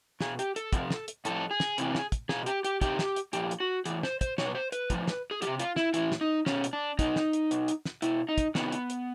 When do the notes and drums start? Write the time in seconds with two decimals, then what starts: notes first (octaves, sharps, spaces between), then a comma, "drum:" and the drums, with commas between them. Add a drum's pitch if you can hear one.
0.21 B2 G#4, drum: snare
0.39 G4, drum: hi-hat
0.56 A4, drum: hi-hat
0.73 C3 F3, drum: kick, hi-hat
0.91 drum: snare
1.08 drum: hi-hat
1.25 A2 F3 A4, drum: hi-hat
1.51 G#4
1.60 drum: snare
1.78 C3 E3, drum: hi-hat
1.95 drum: snare
2.12 drum: kick, hi-hat
2.29 B2 G#4, drum: snare
2.46 G4, drum: hi-hat
2.64 G4, drum: hi-hat
2.81 C3 D#3 G4, drum: kick, hi-hat
2.99 drum: snare
3.16 drum: hi-hat
3.33 A#2 F3 G4, drum: hi-hat
3.51 drum: hi-hat
3.60 F#4
3.86 A2 E3 G#4, drum: hi-hat
4.03 C5, drum: snare
4.21 C5, drum: kick, hi-hat
4.38 B2 C#5, drum: snare
4.46 B4
4.55 C5
4.72 B4, drum: hi-hat
4.90 A2 F3, drum: kick, hi-hat
5.08 drum: snare
5.31 G#4
5.42 F3 G4, drum: hi-hat
5.47 C3
5.59 F4, drum: hi-hat
5.76 E4, drum: snare
5.94 A2 E3 E4, drum: hi-hat
6.12 drum: snare
6.21 D#4
6.46 B2 C#4, drum: snare
6.64 drum: hi-hat
6.73 D4
6.99 B2 D#4, drum: kick, hi-hat
7.16 drum: snare
7.33 drum: hi-hat
7.51 B2, drum: hi-hat
7.68 drum: hi-hat
7.85 drum: snare
8.02 B2 E4, drum: hi-hat
8.29 D#4
8.38 drum: kick, hi-hat
8.55 C3 D#3 B3, drum: snare
8.72 drum: hi-hat
8.90 drum: hi-hat